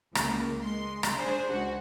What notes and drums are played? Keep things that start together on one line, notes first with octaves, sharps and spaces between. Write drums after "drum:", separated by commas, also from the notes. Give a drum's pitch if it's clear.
C#2 A#3, drum: rim click
G#3 C6
drum: rim click
D4 G#4 C5
C#2 F#4